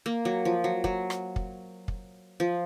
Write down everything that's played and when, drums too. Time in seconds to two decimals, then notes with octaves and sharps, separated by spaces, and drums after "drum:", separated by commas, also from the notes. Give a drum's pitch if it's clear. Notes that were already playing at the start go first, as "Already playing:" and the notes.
0.06 A#3
0.25 F#3
0.45 F3
0.64 F#3
0.84 F#3, drum: kick
1.10 drum: rim click
1.36 drum: kick
1.88 drum: kick
2.40 F3